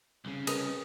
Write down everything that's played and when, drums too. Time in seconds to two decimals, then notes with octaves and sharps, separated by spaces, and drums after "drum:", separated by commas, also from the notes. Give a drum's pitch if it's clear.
0.25 C2 C#3
0.47 G#4 A#4 B4 D#5, drum: cymbal